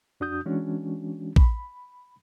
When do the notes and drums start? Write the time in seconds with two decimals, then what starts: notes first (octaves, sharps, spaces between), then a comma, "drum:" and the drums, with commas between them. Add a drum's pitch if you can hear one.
0.20 F2 D4 F#4 D#6 G6
0.46 E3 G#3 C#4 D4 F#4
1.36 B5, drum: kick